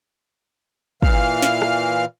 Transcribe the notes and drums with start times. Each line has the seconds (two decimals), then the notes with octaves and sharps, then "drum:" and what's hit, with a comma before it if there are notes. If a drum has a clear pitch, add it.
1.02 A#2 E3 F5 F6, drum: kick
1.42 drum: snare
1.62 drum: rim click